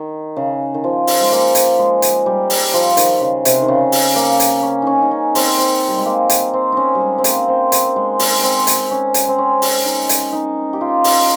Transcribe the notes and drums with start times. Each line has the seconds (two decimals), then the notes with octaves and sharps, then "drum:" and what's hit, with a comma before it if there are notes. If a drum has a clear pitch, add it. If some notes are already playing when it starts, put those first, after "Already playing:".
Already playing: D#3
0.36 C#3
0.74 D#3
0.84 F3
1.07 drum: open hi-hat
1.21 G#3
1.32 A#3
1.55 drum: hi-hat
1.79 G#3
2.02 drum: hi-hat
2.26 G3
2.50 drum: open hi-hat
2.74 F3
2.97 D#3, drum: hi-hat
3.21 C#3
3.45 C3, drum: hi-hat
3.62 D#3
3.68 C#3
3.92 drum: open hi-hat
4.16 A#3
4.40 drum: hi-hat
4.63 C#4
4.82 C#4 D#4
5.02 D#4
5.11 C#4
5.35 C4, drum: open hi-hat
5.58 C4
5.88 G3
5.97 G#3
6.06 A#3
6.29 drum: hi-hat
6.54 C4
6.72 C#4 D#4
6.95 G3
7.01 G#3
7.18 C4
7.24 A#3, drum: hi-hat
7.48 C4
7.72 drum: hi-hat
7.96 G#3
8.19 drum: open hi-hat
8.43 C4
8.67 drum: hi-hat
8.91 C#4
9.14 drum: hi-hat
9.28 C4
9.38 C#4
9.62 drum: open hi-hat
9.85 D#4
10.09 drum: hi-hat
10.32 D#4
10.73 G4
10.81 F4
11.04 drum: open hi-hat